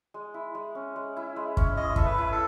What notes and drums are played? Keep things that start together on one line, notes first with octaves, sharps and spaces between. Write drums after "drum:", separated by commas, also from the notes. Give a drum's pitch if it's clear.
G#3
E4
G#3
C#4
G#3
E4
G#3
C#4, drum: kick
E4 D#5
A4 E5, drum: kick
B4
E4
A4